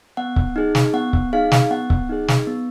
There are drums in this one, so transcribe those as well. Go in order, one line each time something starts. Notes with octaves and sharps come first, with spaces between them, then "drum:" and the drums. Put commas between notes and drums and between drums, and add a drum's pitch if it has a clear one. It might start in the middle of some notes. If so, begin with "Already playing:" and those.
B3 F#5
drum: kick C#1
D#4 G#4
drum: snare
B3 F#5
drum: kick C#1
D#4 G#4 F5
drum: snare
B3 F#5
drum: kick C#1
D#4 G#4
drum: snare
B3